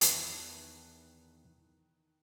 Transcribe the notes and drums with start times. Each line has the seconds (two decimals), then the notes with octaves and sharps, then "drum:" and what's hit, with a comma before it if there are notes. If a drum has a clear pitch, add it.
0.01 E2 D#3 B4 E5 A5, drum: hi-hat